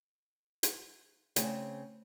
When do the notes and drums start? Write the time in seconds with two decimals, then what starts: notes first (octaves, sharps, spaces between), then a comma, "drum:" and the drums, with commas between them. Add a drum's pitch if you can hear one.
0.63 drum: hi-hat
1.36 C#3 A3 C4, drum: hi-hat